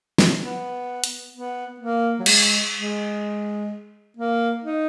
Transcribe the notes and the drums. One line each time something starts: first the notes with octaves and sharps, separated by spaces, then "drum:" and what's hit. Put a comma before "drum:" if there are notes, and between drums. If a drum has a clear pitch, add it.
drum: snare
B3
drum: hi-hat
B3
A#3
F#3
G#3, drum: cymbal
G#3
A#3
D#4